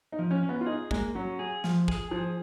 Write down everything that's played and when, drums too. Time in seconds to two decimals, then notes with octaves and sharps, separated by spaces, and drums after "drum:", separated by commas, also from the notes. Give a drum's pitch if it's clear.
0.12 D#4
0.19 F3
0.31 C#4
0.43 C#4
0.49 B3
0.61 F4
0.66 D#4 G#4
0.91 G#3 A#3, drum: kick
1.15 F#3 C#4
1.39 G#4
1.64 F3, drum: snare
1.88 G#4, drum: kick
2.11 F3 G#4